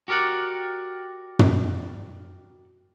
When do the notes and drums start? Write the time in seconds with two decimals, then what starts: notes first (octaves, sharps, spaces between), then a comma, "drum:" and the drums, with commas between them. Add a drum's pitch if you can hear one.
0.08 F#4 G4 A#4 D5 F#5
1.39 drum: tom